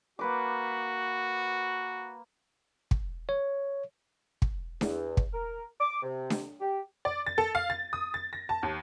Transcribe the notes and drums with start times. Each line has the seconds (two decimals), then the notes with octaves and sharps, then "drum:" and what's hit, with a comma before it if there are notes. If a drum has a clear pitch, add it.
0.19 A#3 F#4 B4 D6
2.91 drum: kick
3.29 C#5
4.42 drum: kick
4.81 E2, drum: snare D4
5.17 drum: kick
5.33 A#4
5.80 D6
6.03 C3
6.30 drum: snare D4
6.61 G4
7.05 D5
7.26 A6
7.38 A4
7.55 F5
7.70 A6
7.93 D#6
8.14 A6
8.33 A#6
8.49 A5
8.63 D#2